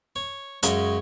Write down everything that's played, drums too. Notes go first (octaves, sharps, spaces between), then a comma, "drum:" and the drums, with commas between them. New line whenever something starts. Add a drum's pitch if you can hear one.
C#5
F#2 C#3 G#3 C#5, drum: hi-hat